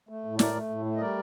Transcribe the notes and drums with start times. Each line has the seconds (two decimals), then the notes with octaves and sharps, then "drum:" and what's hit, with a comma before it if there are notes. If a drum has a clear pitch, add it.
0.09 A3
0.25 A2
0.39 A3 A#4 D5, drum: snare
0.55 A3
0.70 A2
0.85 A3
0.97 D#5
1.00 G3 A#4 D5